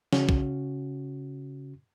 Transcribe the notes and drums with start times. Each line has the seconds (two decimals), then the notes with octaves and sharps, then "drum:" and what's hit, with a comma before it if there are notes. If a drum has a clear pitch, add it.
0.13 C#3 C#4 F#4, drum: snare
0.29 drum: kick